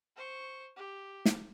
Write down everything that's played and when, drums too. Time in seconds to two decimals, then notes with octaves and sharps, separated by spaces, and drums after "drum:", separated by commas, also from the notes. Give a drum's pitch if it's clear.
0.16 C5 C#6
0.76 G4
1.25 drum: snare